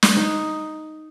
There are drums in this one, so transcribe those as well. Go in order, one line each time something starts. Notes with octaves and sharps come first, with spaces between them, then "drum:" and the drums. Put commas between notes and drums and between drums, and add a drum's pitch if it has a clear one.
drum: snare
D#4